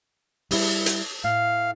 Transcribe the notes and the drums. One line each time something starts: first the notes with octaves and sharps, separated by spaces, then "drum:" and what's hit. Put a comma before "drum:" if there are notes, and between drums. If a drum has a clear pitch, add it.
G3 E4, drum: open hi-hat
drum: hi-hat
A2 F5